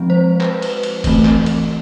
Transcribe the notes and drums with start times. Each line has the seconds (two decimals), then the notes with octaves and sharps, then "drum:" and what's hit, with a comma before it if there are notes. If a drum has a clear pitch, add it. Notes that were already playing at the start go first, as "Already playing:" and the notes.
Already playing: F3 G#3 C4
0.10 C5
0.41 B4, drum: clap
0.62 drum: cymbal
0.83 drum: cymbal
1.04 E3 A3 C4, drum: kick F1, cymbal
1.25 drum: clap
1.46 drum: cymbal